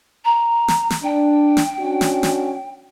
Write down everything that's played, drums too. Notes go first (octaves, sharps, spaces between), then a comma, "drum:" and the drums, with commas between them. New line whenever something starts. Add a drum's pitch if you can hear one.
A#5
drum: snare
drum: snare
D4 G5
drum: snare
C#4 D4 F#4
drum: snare
drum: snare